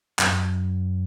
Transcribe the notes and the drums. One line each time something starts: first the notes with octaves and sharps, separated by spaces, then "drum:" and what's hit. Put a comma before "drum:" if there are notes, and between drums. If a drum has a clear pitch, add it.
F#2 F#3, drum: clap